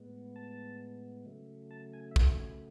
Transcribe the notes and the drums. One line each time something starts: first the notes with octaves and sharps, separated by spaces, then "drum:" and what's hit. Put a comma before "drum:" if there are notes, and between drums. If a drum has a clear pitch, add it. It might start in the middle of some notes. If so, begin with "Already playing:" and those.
Already playing: A2 G#3 B3
A5
C#3 F#3 A3
A5
G#5
E5
F#5, drum: kick
E5
G#5
B5